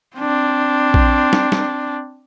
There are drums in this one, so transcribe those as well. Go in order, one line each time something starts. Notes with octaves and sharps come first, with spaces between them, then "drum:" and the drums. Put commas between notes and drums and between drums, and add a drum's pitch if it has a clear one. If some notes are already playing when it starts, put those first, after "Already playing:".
C4 D4
drum: kick A#1
drum: snare
drum: snare